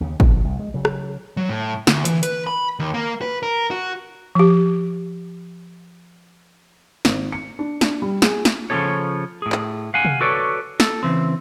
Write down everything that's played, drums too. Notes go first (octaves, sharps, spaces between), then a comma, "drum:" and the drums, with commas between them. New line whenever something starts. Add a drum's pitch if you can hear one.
D#2 C#3
A#1, drum: kick
C2
G#3
C#3 F#3
drum: rim click
F#3
A2
D2, drum: snare
E3, drum: hi-hat
B4, drum: hi-hat
B5
D#2
A#3
B4
A#4
F#4
F3 G4
G#1, drum: snare
C#7
D4
D4, drum: snare
G3
G#4, drum: snare
drum: snare
C#3 F3 C4 D#4 A4 C#5
A2 G#4
drum: clap
F5 F#5 G#5
drum: tom C3
F#4 A4 B4 C#5 D5
A4, drum: snare
C#3 E3 C4